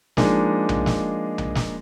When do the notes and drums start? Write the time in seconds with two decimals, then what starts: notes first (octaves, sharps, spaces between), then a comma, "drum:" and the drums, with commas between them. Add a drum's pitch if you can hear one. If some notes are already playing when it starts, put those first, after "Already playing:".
0.17 F3 G#3 A#3 D4 D#4, drum: snare
0.69 drum: tom B1
0.86 drum: snare
1.38 drum: tom B1
1.55 drum: snare